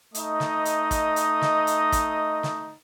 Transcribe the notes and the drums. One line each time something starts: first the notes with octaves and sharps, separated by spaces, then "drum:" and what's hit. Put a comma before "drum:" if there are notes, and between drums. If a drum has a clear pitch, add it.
A3 D#4 D#5 D#6, drum: hi-hat
drum: snare
drum: hi-hat
drum: kick, hi-hat
drum: hi-hat
drum: snare
drum: hi-hat
drum: kick, hi-hat
drum: snare